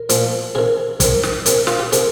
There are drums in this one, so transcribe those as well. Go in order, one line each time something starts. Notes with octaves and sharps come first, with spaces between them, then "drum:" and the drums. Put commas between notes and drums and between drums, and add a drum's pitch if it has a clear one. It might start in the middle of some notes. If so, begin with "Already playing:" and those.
Already playing: A#4
A#2 F3, drum: hi-hat
C3 D#3 G#4
C3 D#3, drum: kick, hi-hat
drum: snare
C3 D#3, drum: hi-hat
F4, drum: snare
G4
C3 D#3 G#4, drum: hi-hat